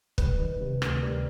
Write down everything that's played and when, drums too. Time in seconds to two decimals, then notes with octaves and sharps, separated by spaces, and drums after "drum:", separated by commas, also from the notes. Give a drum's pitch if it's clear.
0.18 G3 B4, drum: kick
0.39 D#3
0.61 C3
0.82 D2, drum: rim click
1.02 G3 A#4